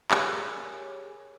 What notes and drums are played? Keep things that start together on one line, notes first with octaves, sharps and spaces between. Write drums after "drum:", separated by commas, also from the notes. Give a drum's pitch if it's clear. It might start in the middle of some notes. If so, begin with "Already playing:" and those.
G4 G#4 A#4 C#5 G#5 D6, drum: clap